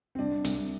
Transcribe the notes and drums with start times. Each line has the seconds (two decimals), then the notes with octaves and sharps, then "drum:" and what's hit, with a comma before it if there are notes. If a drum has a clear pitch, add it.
0.15 C4
0.19 C2 D4
0.44 C2, drum: hi-hat